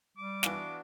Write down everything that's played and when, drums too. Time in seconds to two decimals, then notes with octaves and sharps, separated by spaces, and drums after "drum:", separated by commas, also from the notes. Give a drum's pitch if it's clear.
0.18 G3 D6
0.43 E3 B3 D4 F#4 F5, drum: snare